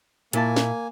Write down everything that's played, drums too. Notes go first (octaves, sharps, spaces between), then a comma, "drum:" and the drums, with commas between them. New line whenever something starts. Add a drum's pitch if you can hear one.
A#2 A#3 E4 G#5 A5, drum: hi-hat
drum: snare